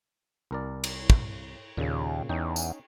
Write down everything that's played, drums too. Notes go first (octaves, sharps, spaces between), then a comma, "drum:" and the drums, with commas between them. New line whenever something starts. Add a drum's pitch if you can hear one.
C2 A#4 D5
drum: cymbal
drum: kick
D#2 A#2 C#3
E2 C#4 D#4 G5
drum: tambourine